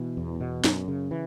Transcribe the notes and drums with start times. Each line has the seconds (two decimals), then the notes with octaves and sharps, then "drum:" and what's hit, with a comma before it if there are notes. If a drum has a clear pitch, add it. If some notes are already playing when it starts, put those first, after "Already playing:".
Already playing: B2 E3
0.17 E2
0.41 B2
0.64 F#2, drum: snare
0.88 C#3
1.11 E3